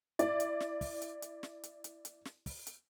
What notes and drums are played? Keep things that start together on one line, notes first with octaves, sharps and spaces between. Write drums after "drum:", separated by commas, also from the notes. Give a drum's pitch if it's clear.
E4 D5, drum: hi-hat
drum: hi-hat
drum: snare
drum: kick, open hi-hat
drum: hi-hat
drum: hi-hat
drum: snare
drum: hi-hat
drum: hi-hat
drum: hi-hat
drum: snare
drum: kick, open hi-hat
drum: hi-hat